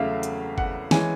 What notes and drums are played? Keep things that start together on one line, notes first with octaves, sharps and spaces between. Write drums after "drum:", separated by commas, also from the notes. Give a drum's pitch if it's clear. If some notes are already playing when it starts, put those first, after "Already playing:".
Already playing: E2 C#3 F#3 A3 E5 F5
drum: hi-hat
F#5, drum: kick G1
E3 G#3 C#4 G#5, drum: snare